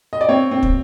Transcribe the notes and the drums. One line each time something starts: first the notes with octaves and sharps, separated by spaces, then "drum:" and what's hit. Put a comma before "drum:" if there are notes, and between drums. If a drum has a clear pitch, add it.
D#5
D5
C4 C#5
C4
drum: kick